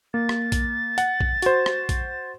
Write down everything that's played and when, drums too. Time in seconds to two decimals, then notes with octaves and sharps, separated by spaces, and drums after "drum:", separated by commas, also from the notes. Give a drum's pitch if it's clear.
0.14 A#3 A6
0.29 drum: rim click
0.52 drum: kick, hi-hat
0.98 F#5, drum: hi-hat
1.21 drum: kick
1.42 F#4 C5, drum: hi-hat
1.66 drum: rim click
1.89 drum: kick, hi-hat